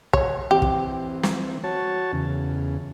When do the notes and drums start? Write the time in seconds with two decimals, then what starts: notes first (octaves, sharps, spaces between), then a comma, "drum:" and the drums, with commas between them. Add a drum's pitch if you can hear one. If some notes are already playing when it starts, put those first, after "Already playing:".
0.13 C#5, drum: kick
0.51 E3 C4 G4
0.62 drum: kick
1.23 drum: snare
1.64 F#4 C#5 A5
2.13 E2 C#3